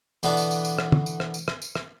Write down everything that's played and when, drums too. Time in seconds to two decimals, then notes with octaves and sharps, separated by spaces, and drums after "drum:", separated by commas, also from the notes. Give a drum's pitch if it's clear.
0.23 B2 D3 E3 B3 D4, drum: tambourine
0.37 drum: tambourine
0.51 drum: tambourine
0.65 drum: tambourine
0.79 drum: rim click
0.92 drum: tom
1.06 drum: tambourine
1.20 drum: rim click
1.34 drum: tambourine
1.48 drum: rim click
1.62 drum: tambourine
1.75 drum: rim click